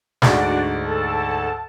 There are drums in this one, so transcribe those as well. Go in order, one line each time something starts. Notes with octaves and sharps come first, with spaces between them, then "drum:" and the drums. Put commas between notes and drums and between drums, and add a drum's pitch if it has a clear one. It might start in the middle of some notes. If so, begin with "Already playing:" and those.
D2 G#2 D4 F#4 D5, drum: snare
A4 A5